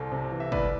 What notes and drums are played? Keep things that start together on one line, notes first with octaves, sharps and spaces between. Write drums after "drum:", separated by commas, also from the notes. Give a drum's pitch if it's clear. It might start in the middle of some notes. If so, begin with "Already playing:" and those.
Already playing: C2 A4 C5
C3
E3
E5
C2 B4 D5, drum: kick